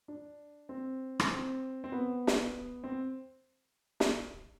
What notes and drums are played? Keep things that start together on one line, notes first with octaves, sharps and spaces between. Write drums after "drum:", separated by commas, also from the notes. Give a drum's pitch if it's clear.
D4
C4
drum: rim click
C4
C4
B3
drum: snare
C4
drum: snare